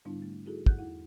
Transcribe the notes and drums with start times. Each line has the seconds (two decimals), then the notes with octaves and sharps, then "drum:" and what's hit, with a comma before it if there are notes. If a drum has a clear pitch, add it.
0.05 G#2 D3 G3 B3 D4 E4
0.22 A3
0.45 D#4 E4 F#4 G#4 A4
0.66 F#5 F#6 G6, drum: kick
0.78 E2 D#4 E4 F#5